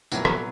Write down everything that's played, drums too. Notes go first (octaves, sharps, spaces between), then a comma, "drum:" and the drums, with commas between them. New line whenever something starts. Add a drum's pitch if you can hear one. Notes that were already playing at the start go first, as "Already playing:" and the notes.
C2 A#2 F#3 B3 E4, drum: tambourine
drum: rim click